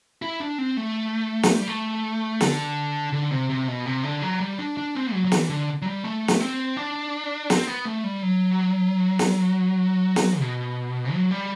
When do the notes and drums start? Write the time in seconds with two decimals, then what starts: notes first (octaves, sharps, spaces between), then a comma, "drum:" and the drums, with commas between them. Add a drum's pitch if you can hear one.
0.22 E4
0.40 D4
0.58 C4
0.77 A3
1.43 drum: snare
1.60 G3
1.67 A3
2.41 D3, drum: snare
3.13 D3
3.32 C3
3.50 C3
3.67 B2
3.86 C3
4.04 D3
4.22 F#3
4.40 G3
4.58 D4
4.77 D4
4.95 C4
5.13 F#3
5.25 F#3
5.32 E3, drum: snare
5.50 D3
5.82 F#3
5.86 G3
6.04 A3
6.28 drum: snare
6.40 C4
6.77 D4
7.50 C4, drum: snare
7.67 B3
7.85 A3
8.04 G3
8.23 F#3
9.19 drum: snare
10.16 drum: snare
10.40 B2
11.13 F#3
11.31 G3